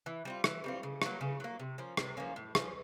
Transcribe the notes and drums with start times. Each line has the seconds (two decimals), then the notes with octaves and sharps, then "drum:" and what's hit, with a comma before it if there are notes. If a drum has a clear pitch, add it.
0.06 E3
0.25 G3 C4 F4
0.44 E3, drum: rim click
0.64 G3 C4 F4
0.83 C#3
1.02 F#3 A#3, drum: rim click
1.21 C#3
1.40 F#3 A#3
1.59 C3
1.78 F3 A#3 C#4
1.97 C3, drum: rim click
2.17 F3 A#3 C#4
2.36 A2
2.55 F3 A3 C#4, drum: rim click